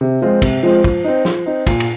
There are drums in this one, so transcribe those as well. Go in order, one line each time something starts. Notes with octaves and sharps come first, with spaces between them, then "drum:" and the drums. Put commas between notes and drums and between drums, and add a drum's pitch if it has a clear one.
C3
F3 G#3 C4 F4
C3, drum: kick, cymbal
F3 G#3 C4 F4
F3, drum: kick
C4 D#4
F3, drum: snare
C4 D#4
A#2, drum: kick, cymbal
drum: cymbal